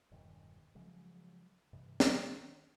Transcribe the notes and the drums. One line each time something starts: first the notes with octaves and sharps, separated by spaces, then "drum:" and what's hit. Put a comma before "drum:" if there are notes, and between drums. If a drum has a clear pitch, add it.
E1 G2 D#3
C#3 F3 F#3 G#3
G2 C3 E3
D#3, drum: snare